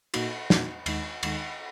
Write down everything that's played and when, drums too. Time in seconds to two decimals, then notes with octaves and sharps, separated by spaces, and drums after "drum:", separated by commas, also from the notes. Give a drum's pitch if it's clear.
0.14 A#2 A#3 D#4 F#4, drum: cymbal
0.50 A#2 A#3 D#4 F#4, drum: snare
0.86 D#2 D#3 G#3 D#4, drum: cymbal
1.23 D#2 D#3 G#3 D#4, drum: cymbal